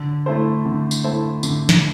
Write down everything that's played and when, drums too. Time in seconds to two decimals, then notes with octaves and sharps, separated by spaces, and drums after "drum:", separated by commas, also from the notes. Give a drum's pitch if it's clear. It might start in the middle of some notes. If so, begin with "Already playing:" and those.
Already playing: D3
0.26 A3 E4 A4 C5
0.65 D3
0.91 drum: tambourine
1.04 A3 E4 A4 C5
1.43 D3, drum: tambourine
1.69 drum: snare